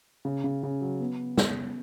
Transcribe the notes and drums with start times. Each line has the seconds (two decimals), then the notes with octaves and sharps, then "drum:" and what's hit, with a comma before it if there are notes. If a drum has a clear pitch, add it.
0.25 C#3
0.44 C#3
0.63 C#3
0.81 F#3
1.00 B3
1.37 drum: snare